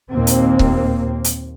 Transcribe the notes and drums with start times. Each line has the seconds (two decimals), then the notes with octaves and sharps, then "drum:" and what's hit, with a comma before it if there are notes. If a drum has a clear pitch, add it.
0.11 D#2 A#2 A#3 C4
0.27 drum: hi-hat
0.59 drum: kick C#1
1.24 drum: hi-hat